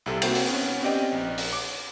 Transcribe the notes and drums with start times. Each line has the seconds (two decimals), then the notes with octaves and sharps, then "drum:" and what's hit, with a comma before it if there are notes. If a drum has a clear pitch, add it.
0.06 C2 C3 A4
0.22 A#3 C4 F#4 C5 E5 G5, drum: cymbal
0.35 drum: open hi-hat
0.46 B3 C#4
0.82 C4 C#4 G4 D5 D#5 G5
1.12 A#1
1.38 drum: open hi-hat
1.53 D6